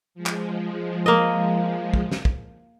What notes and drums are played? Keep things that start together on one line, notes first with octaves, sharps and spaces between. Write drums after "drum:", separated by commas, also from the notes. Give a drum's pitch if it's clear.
F3 G#3
drum: clap
A#3 D#5
drum: kick
drum: snare
drum: kick